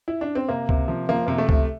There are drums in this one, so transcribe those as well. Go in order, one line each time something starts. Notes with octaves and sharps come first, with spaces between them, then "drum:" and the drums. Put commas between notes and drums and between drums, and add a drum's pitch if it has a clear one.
E4
D4
C4
C3 A#3
C3, drum: kick C#2
F3
F3 A#3
C3 A#3
A3
C3, drum: kick C#2